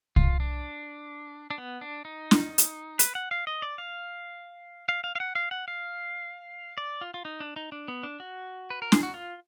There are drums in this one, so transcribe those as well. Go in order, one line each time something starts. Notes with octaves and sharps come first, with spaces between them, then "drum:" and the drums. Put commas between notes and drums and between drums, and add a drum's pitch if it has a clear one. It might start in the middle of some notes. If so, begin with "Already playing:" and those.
F4, drum: kick C2
D4
D4
B3
D4
D#4
drum: snare
drum: hi-hat
B4, drum: hi-hat
F#5
F5
D#5
D5
F5
F5
F5
F5
F#5
F5
F#5
F5
D5
F4
F4
D#4
D4
D#4
D4
B3
D4
F#4
B4
A#4
G#4, drum: snare
F#4
F4